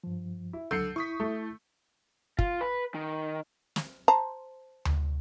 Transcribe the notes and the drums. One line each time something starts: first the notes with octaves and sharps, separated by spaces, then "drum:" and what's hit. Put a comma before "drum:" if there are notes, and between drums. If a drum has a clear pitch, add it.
G2 F3
E4
C#2 D3 F#3 E6 G6 C7 C#7
E4 C#6 D#6 B6
A3
F4, drum: kick
B4
D#3
drum: snare
C5 A5 A#5
drum: tom D2